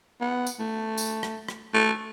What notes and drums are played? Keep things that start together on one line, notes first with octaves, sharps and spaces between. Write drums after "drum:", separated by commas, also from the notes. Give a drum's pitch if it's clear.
B3
drum: tambourine
A3
drum: tambourine
drum: rim click
drum: rim click
A3